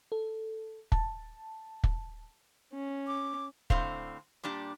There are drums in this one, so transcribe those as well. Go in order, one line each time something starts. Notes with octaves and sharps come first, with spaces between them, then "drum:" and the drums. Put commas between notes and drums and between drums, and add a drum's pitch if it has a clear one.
A4
A5, drum: kick
drum: kick
C#4
D6
A2 D3 C4 C5 F5, drum: kick
A#2 G3 D4 G4